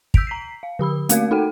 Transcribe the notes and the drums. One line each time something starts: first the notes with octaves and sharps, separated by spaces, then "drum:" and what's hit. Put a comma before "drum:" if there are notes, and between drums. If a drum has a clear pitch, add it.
E6 G6 B6 D7 F7, drum: kick
A#5 B6 C7
F5
D3 G4 B5 E6
A3 A#3 F#4 A#4 F5 G#6, drum: hi-hat
D#4 F#4 A4 F#5 G5